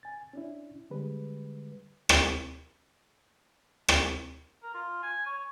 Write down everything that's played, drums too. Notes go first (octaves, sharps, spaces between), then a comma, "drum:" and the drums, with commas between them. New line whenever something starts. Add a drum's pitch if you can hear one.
G#5 A6
C#4 D4 E4
D3 G3 G#3 B4
drum: rim click
drum: rim click
A#4
F4
G#5
C#5